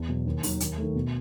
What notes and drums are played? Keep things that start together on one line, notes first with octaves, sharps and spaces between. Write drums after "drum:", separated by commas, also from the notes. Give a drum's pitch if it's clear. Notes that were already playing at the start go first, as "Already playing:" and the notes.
Already playing: E2
B2 F#3
D#2
D#3 F#3, drum: open hi-hat
D#2, drum: hi-hat
D#3 A3
B2